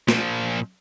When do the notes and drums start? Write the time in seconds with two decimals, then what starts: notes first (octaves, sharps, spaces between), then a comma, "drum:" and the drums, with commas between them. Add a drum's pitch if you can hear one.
0.09 A#2 F3, drum: snare